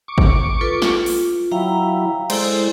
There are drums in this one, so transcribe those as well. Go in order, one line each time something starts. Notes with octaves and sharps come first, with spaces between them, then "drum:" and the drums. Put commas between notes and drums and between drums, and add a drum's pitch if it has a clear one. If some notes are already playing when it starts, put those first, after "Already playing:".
C#6 D6
drum: kick G#1
F4 A4 B4
F4, drum: snare
drum: open hi-hat
F#3 E4 F5 G5 A#5
G#3 E4 A4 C5 D5, drum: cymbal